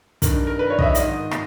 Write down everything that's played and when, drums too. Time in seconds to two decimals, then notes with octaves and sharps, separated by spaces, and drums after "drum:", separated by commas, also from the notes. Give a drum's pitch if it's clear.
0.22 G2 D#3 A#4, drum: kick, hi-hat
0.47 A#4
0.59 B4
0.70 C#5
0.79 D#5, drum: kick
0.82 E5
0.95 G#2 D#3 D#5, drum: hi-hat
1.31 drum: rim click